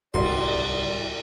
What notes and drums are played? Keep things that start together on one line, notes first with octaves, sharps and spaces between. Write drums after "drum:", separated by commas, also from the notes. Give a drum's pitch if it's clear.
D1 C2 G#2 F#4 G4 D5 C6, drum: cymbal